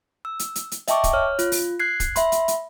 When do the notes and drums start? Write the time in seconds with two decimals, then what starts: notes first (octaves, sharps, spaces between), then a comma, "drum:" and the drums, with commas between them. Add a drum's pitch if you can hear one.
0.25 E6
0.39 drum: hi-hat
0.55 drum: hi-hat
0.72 drum: hi-hat
0.88 D#5 E5 G5 A5 C#6 D6, drum: hi-hat
1.04 drum: kick, hi-hat
1.13 C#5 F6
1.39 F4, drum: hi-hat
1.52 drum: open hi-hat
1.80 F#6 G#6 C7
2.00 drum: kick, hi-hat
2.16 E5 B5 C6, drum: hi-hat
2.32 drum: hi-hat
2.48 drum: hi-hat